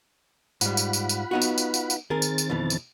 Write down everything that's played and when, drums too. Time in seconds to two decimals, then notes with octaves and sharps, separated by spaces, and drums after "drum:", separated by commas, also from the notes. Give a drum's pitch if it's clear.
0.61 G#2 G3 F4 F#5 B5, drum: tambourine
0.77 drum: tambourine
0.93 drum: tambourine
1.09 drum: tambourine
1.31 B3 D#4 F#4
1.42 drum: tambourine
1.58 drum: tambourine
1.74 drum: tambourine
1.90 drum: tambourine
2.10 D#3 C4 G#4 A#4 A6
2.22 drum: tambourine
2.38 drum: tambourine
2.50 F2 B2 E3
2.70 drum: tambourine